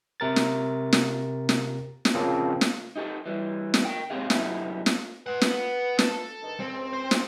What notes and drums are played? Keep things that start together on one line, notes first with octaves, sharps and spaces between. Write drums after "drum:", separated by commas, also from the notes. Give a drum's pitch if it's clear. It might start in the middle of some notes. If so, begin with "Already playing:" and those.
C3 A#4 A6
drum: snare
drum: snare
drum: snare
drum: snare
C#3 F3 A#3 C4
drum: snare
D#4 G4 A4
E3 G3
drum: snare
A#4 G5
G#2 C4 G4 G#4 F5
F#2 B3 E4 G4 A4, drum: snare
drum: snare
B4 C5 F#5
B3, drum: snare
A4, drum: snare
G2 D3 D#3
C#2 F3 C4
C5
drum: snare